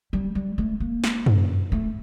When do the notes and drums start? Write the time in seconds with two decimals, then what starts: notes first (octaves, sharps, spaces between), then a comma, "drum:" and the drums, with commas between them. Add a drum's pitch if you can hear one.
0.13 G3
0.35 G3
0.58 A3
0.80 A#3
1.04 drum: snare
1.26 drum: tom F#2
1.72 A3